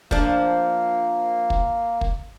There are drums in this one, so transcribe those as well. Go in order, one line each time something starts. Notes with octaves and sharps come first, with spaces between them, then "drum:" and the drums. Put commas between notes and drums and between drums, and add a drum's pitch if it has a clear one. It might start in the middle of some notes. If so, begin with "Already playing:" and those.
F3 A#3 D4, drum: kick
drum: kick
drum: kick